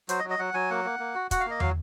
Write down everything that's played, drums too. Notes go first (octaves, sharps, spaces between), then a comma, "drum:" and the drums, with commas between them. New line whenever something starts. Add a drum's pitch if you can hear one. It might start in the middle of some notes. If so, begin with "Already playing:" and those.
F#3 C5, drum: hi-hat
D#5
F#3
D#5
F#3 F#5
F#3 G#5
A#3 F#5
A#3
A#3
F#4
F#4 F#5, drum: kick, hi-hat
F5
A#3 D#5
F#3 F5, drum: tom